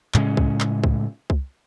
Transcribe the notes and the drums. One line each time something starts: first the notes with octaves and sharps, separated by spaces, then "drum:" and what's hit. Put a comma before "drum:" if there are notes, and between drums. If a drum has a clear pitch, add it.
A2 C#3 G#3 C#4, drum: clap
drum: kick C2
drum: clap
drum: kick C2
drum: kick C2